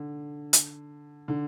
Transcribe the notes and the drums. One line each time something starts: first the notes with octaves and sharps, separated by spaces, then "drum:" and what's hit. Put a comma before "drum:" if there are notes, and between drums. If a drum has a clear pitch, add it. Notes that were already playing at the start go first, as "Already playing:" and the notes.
Already playing: D3
drum: hi-hat
D3